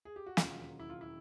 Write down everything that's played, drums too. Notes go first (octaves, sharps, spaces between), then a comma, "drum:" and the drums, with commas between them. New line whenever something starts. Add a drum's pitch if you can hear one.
G#4
G4
F#4
E1 D#2 C#3 F#3 F4, drum: snare
E4
F4
E4